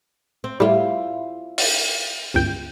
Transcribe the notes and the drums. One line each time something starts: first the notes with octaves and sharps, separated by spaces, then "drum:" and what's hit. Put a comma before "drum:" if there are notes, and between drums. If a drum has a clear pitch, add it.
C4
A2 G3 E4 F4
drum: open hi-hat
G1 C#2 G5